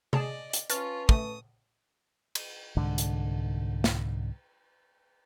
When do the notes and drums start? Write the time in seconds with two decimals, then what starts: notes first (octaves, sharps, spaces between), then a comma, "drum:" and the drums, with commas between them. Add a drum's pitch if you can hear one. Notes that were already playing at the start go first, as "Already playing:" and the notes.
0.13 G#4 D5 D#5 A5, drum: tom C3
0.53 drum: hi-hat
0.70 C#4 F4 B4 A5 C#6 F6 A6, drum: hi-hat
1.09 A3 D#6, drum: kick
2.35 drum: cymbal
2.77 C2 G#2 D3
2.98 drum: hi-hat
3.84 drum: snare